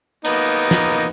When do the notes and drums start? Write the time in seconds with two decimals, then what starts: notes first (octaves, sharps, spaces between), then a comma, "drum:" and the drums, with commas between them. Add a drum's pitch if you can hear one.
0.25 A#3 B3 D#4, drum: hi-hat
0.71 drum: snare